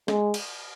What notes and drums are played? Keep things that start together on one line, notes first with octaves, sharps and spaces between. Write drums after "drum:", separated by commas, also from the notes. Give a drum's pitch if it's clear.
G#3, drum: snare
drum: cymbal